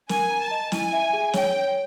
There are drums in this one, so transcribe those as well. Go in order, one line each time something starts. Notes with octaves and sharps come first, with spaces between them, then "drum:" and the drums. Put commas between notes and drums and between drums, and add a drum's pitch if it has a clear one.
A#4 G#5, drum: snare
A#5
A5
D#5
E4 G#5, drum: snare
E5
G#4
C#5 G5, drum: snare
C#5